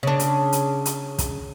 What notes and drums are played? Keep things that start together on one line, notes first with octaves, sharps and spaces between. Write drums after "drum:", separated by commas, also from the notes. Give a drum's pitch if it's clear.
C#3 D4
drum: hi-hat
drum: hi-hat
drum: hi-hat
drum: kick, hi-hat